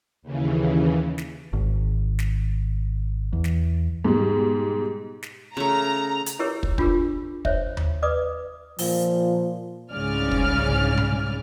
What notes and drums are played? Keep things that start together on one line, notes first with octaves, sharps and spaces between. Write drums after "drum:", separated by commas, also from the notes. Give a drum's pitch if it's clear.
D#2 C#3 E3
drum: snare
G#1
drum: snare
E2
drum: snare
G#2 B2 G3
drum: snare
C#3 A3 A#5
drum: hi-hat
E4 G4 G#4 A#4 C#5
drum: kick
D4 F4 G4 G#4 A#4, drum: kick
C5 C#5 E5, drum: kick
drum: tom D#2
B4 D5 D6 D#6
A#2 F3, drum: open hi-hat
C2 G#2 C#3 D5 G#5 F6
drum: kick
drum: tom B2